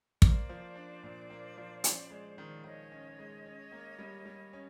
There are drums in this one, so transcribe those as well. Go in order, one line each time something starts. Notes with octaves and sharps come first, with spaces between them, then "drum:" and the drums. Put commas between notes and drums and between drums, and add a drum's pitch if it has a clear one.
A#3 C5 D5, drum: kick
F3
D4
A#2
A#3
F3
C#4, drum: hi-hat
G#3
D#3
D#3 C#5 D#5
C#4
G#3
C#4
A#3
G3
G3
C#4